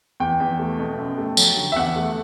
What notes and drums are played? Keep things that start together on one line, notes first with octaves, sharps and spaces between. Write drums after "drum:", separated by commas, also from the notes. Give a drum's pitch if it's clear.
E2 G5
E2
A3
B2
F#2
A3
F#3, drum: tambourine
D3
E5
E2 F#5
A3